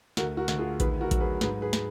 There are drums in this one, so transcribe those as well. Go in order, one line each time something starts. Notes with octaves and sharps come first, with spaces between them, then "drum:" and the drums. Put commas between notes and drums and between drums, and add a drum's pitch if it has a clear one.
D2 F#4 A#4, drum: snare
F#4 A#4
D2, drum: snare
F4 G#4
D#3 G#4 B4, drum: kick A1, hi-hat
F#4 A#4
F#3, drum: kick A1, hi-hat
G#4 B4
G#2 G#4 B4, drum: snare
G#4 B4
drum: snare